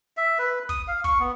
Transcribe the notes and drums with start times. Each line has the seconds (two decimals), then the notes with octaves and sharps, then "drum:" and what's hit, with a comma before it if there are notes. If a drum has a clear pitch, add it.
0.17 E5
0.39 B4
0.69 D#6, drum: kick, hi-hat
0.88 F5
1.04 C#6, drum: kick, hi-hat
1.19 B3